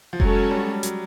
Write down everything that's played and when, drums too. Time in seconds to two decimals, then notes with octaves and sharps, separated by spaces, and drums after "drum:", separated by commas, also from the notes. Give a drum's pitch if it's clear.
0.13 F3
0.20 F#3 G#3 C#4 F#4 A4 C#5, drum: kick F1
0.51 G3
0.83 F#3, drum: hi-hat